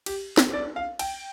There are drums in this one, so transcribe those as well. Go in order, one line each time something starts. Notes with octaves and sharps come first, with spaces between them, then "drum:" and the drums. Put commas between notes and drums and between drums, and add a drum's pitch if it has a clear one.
G4, drum: cymbal
drum: snare
D5
F5
G5, drum: cymbal